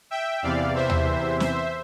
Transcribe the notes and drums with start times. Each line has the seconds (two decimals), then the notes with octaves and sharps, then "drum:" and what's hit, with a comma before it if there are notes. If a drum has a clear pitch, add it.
0.11 E5 G5
0.43 E2 C3 E3 D5 F5
0.75 C5 E5
0.89 drum: tom D#2
1.40 C5 E5, drum: snare